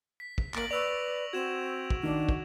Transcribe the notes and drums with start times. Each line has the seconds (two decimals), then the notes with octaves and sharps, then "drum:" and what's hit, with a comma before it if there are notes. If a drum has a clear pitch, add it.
0.20 B6
0.38 drum: kick
0.54 A#3 A6 A#6 D7 F#7, drum: clap
0.71 B4 D5 C#6 E6 F7
1.33 C4 F#4 G#6 E7
1.90 drum: kick
2.03 D#3 D4
2.29 drum: kick